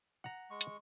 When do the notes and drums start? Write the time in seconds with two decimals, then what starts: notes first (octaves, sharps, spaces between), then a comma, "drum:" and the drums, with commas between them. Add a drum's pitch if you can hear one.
0.24 F#5 A#5
0.51 G#3 C#6
0.61 drum: hi-hat